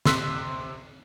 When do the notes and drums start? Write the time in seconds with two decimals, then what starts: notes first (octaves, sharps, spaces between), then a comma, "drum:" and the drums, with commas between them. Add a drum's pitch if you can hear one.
0.05 C3 C6 E6 F#6 B6, drum: snare